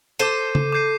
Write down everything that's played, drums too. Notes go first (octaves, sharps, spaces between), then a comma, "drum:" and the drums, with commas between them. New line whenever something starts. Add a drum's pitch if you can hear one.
A4 C5 D6 G6 C7 D#7
drum: tom C#3
D6 G6 C7 D#7